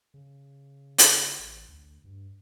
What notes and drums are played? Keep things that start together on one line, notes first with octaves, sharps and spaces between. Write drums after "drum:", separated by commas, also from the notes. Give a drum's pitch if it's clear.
C#3
drum: hi-hat
A1
D2
G2